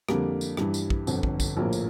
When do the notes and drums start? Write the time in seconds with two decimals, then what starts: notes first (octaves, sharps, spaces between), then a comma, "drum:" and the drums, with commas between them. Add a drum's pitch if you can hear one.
0.09 F2 D3 G3 A#3, drum: rim click
0.41 drum: tambourine
0.57 G2 E3 G3, drum: rim click
0.74 drum: tambourine
0.90 drum: kick
1.07 G1 F2 D3, drum: tambourine
1.23 drum: kick
1.40 drum: kick, tambourine
1.57 A#1 A2 F3 A#3
1.73 drum: tambourine